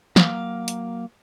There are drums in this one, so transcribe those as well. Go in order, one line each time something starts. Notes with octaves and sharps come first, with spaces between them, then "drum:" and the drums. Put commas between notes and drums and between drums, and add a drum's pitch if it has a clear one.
F#3 A#3 F5, drum: snare
drum: hi-hat